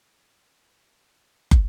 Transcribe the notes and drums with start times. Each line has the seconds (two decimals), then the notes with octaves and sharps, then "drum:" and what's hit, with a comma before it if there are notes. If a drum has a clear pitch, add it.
0.02 F5
0.37 E4
0.92 D5
1.51 drum: kick